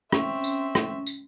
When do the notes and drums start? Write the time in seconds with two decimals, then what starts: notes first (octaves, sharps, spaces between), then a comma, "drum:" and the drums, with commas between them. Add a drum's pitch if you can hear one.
0.12 C4 C#4 E5, drum: rim click
0.44 drum: tambourine
0.75 drum: rim click
1.07 drum: tambourine